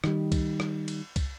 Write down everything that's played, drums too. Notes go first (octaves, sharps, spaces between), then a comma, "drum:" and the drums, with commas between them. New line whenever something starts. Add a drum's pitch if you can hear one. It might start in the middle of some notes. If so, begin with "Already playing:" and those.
D#3 G3, drum: rim click
drum: kick, cymbal
drum: rim click
drum: cymbal
drum: kick, cymbal